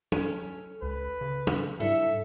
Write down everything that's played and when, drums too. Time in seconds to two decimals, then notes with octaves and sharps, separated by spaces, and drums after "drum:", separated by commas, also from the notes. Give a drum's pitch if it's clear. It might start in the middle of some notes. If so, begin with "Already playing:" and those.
0.12 C#4 A4, drum: tom
0.82 C#2 B4
1.21 C#3
1.47 drum: tom
1.80 G#2 G3 D4 E4 A4 E5